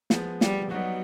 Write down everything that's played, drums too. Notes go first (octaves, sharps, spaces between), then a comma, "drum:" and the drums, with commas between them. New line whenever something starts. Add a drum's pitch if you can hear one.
F3 G#3 B3, drum: snare
G3, drum: snare
F#3 G3 B3 D#4 F#4